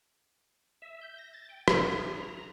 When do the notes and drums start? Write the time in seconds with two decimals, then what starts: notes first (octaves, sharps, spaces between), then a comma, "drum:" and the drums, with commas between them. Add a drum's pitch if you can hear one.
0.82 E5
1.01 G6
1.18 A#6
1.33 A6
1.49 G5
1.68 F#6, drum: rim click
1.82 G#4
2.06 D4
2.17 A#5
2.36 A#5